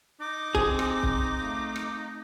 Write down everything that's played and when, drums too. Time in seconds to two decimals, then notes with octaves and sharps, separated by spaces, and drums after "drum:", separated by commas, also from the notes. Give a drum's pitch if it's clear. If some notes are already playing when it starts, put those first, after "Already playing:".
0.20 D#4 D6
0.55 C4 G#4, drum: kick
0.79 drum: rim click
1.03 drum: kick
1.40 A3 F5
1.76 drum: rim click